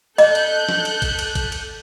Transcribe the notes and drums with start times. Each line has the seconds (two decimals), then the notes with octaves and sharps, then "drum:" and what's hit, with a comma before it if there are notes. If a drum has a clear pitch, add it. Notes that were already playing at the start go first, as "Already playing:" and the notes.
0.18 A4 D#5 F#6 G6, drum: cymbal
0.35 drum: cymbal
0.69 drum: snare
0.85 drum: cymbal
1.02 drum: kick G#1, cymbal
1.19 drum: cymbal
1.35 drum: kick G#1, cymbal
1.52 drum: cymbal